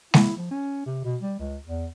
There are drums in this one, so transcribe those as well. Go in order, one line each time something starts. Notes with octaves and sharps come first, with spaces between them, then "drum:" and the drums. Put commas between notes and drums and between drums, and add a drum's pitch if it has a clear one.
E4, drum: snare G#3
F3
C#4
C3
B2
G3
C#2
E2